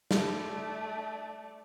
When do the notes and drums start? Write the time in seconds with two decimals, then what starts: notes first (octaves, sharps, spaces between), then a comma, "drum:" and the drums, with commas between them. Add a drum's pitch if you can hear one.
0.11 A3 D5, drum: snare